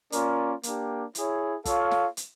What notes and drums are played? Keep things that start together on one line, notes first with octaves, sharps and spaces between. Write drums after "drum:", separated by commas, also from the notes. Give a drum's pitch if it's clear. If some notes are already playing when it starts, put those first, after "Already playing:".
A#3 C#4 F4 A#4 D5, drum: hi-hat
A#3 D4 G4, drum: hi-hat
E4 G#4 C#5, drum: hi-hat
F4 A4 C#5 F5, drum: kick, hi-hat
drum: snare
drum: hi-hat